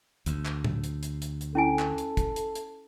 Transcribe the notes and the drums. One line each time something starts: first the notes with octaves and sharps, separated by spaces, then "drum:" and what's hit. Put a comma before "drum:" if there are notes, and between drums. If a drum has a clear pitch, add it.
D2, drum: hi-hat
drum: clap
drum: tom A2
drum: hi-hat
drum: hi-hat
drum: hi-hat
drum: hi-hat
C#4 E4 A4 G#5
drum: clap
drum: hi-hat
drum: kick, hi-hat
drum: hi-hat
drum: hi-hat